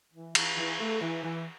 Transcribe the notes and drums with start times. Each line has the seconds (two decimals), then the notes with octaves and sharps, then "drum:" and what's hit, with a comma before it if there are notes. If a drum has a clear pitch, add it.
0.13 E3
0.35 E3, drum: cymbal
0.58 E3
0.80 A3
1.01 E3
1.23 E3